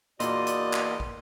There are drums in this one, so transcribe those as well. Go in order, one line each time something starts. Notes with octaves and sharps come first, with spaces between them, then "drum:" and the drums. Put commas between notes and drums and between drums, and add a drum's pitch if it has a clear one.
E2 A#2 D4 F#4 D5 D#5 C6, drum: hi-hat
drum: hi-hat
drum: clap
drum: kick